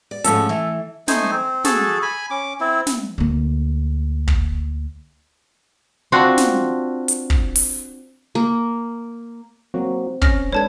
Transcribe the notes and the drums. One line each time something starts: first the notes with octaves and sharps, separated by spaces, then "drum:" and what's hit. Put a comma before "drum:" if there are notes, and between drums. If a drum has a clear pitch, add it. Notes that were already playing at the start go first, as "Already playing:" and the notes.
D5
G#2 F3 A3 C#4 A4, drum: hi-hat
E3
A3 D#4 C5 G#5, drum: snare
C4
F#4 G#4 A4 A5, drum: snare
G#5 B5
C#4 D6
C4 E4
drum: snare
D2 A#3
drum: kick
C4 D4 F4 F#4
drum: snare
drum: hi-hat
drum: kick
drum: open hi-hat
A#3
F#3 A#3 C4 F#4
C4 C#4 F6 A#6, drum: kick
G#3 D4 A4 B4 C#5 A5 G#6